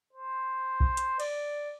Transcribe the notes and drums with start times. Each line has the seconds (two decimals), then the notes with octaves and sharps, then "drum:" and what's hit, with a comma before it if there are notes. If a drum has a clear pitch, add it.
0.13 C5
0.80 drum: kick B1
0.97 drum: hi-hat
1.20 D5, drum: cymbal